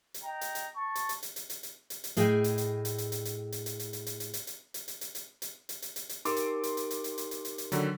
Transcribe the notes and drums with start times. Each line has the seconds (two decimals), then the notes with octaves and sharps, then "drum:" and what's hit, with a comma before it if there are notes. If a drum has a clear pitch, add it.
0.14 drum: hi-hat
0.24 D#5 G5 A#5
0.41 drum: hi-hat
0.55 drum: hi-hat
0.76 A5 C#6
0.95 drum: hi-hat
1.09 drum: hi-hat
1.23 drum: hi-hat
1.36 drum: hi-hat
1.50 drum: hi-hat
1.63 drum: hi-hat
1.90 drum: hi-hat
2.04 drum: hi-hat
2.17 A2 G#4 D#5 G5 G#5, drum: hi-hat
2.44 drum: hi-hat
2.58 drum: hi-hat
2.85 drum: hi-hat
2.98 drum: hi-hat
3.12 drum: hi-hat
3.25 drum: hi-hat
3.52 drum: hi-hat
3.66 drum: hi-hat
3.79 drum: hi-hat
3.93 drum: hi-hat
4.07 drum: hi-hat
4.20 drum: hi-hat
4.34 drum: hi-hat
4.47 drum: hi-hat
4.74 drum: hi-hat
4.88 drum: hi-hat
5.01 drum: hi-hat
5.15 drum: hi-hat
5.42 drum: hi-hat
5.69 drum: hi-hat
5.82 drum: hi-hat
5.96 drum: hi-hat
6.09 drum: hi-hat
6.25 D#4 G4 A#4 C6 D6, drum: hi-hat
6.36 drum: hi-hat
6.63 drum: hi-hat
6.77 drum: hi-hat
6.91 drum: hi-hat
7.04 drum: hi-hat
7.18 drum: hi-hat
7.31 drum: hi-hat
7.45 drum: hi-hat
7.58 drum: hi-hat
7.72 D3 D#3 F#3, drum: hi-hat